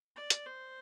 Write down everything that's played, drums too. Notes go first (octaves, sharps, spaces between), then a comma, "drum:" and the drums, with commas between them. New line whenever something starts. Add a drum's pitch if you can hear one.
D5
drum: hi-hat
C5